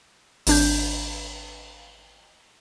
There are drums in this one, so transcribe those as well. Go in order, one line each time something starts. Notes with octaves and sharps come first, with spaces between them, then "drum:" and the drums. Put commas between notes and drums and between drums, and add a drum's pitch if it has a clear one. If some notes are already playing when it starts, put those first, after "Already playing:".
G#1 D4 G6, drum: open hi-hat